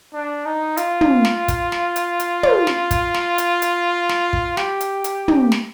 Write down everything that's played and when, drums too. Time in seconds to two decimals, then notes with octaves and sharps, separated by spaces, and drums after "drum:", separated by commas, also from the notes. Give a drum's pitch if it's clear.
0.14 D4
0.45 D#4
0.77 F4, drum: hi-hat
1.01 drum: tom
1.25 drum: snare
1.48 drum: kick, hi-hat
1.72 drum: snare
1.96 drum: hi-hat
2.20 drum: hi-hat
2.43 drum: tom
2.67 drum: snare
2.91 drum: kick, hi-hat
3.14 drum: snare
3.38 drum: hi-hat
3.62 drum: hi-hat
4.09 drum: snare
4.33 drum: kick
4.57 G4, drum: snare
4.81 drum: hi-hat
5.04 drum: hi-hat
5.28 drum: tom
5.52 drum: snare